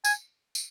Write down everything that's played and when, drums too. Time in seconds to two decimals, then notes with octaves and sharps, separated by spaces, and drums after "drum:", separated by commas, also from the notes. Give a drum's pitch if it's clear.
0.05 G#5, drum: tambourine
0.55 drum: tambourine